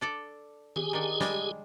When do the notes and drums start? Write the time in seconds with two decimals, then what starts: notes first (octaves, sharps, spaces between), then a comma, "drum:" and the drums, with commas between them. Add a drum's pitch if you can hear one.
0.01 D4 A4 D5
0.76 G4 G#4 G#5, drum: tom D#3
0.93 D#3 D4
1.21 G3 G#3 D4, drum: snare